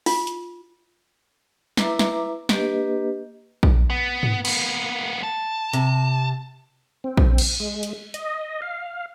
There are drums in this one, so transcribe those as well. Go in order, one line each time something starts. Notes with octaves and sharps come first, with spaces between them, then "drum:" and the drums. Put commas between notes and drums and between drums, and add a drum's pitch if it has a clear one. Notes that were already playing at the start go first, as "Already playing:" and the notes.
F4, drum: open hi-hat
drum: hi-hat
E4 B4 E5 A#5 D6, drum: snare
drum: snare
A#3 D4 G4 B4 D#5, drum: snare
drum: kick A#1
B3
drum: tom
A#3 B3, drum: cymbal
A5
C3, drum: hi-hat
C4
drum: kick A#1
drum: cymbal
G#3
drum: hi-hat
D#5, drum: hi-hat
F5